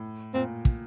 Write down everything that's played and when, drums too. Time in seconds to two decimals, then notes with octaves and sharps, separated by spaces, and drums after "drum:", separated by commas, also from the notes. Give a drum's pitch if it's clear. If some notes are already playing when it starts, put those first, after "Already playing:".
Already playing: A2
0.34 A#2 C4
0.65 drum: kick